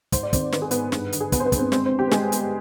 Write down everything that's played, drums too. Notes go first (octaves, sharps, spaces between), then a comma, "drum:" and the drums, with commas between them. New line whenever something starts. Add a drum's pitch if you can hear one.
G#2 C5, drum: kick, hi-hat
D5
D#3 C4 C5, drum: kick, hi-hat
D#3 B4, drum: snare
G#4
G#2 B3 B4, drum: hi-hat
G2, drum: snare
D3, drum: hi-hat
G#4
D3 B3 B4, drum: kick, hi-hat
C5
B3 B4
G2, drum: kick, hi-hat
C4 C5
G#3 C4 C5, drum: snare
C4 C5
B3
G4 G5
B4
G#3 G#4, drum: snare
B3, drum: hi-hat